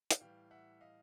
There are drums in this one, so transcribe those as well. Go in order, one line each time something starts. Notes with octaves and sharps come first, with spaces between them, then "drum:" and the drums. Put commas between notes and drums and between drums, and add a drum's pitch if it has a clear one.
drum: hi-hat
A2 E3 G3 F5 G5
E5 F#5
D#5 F5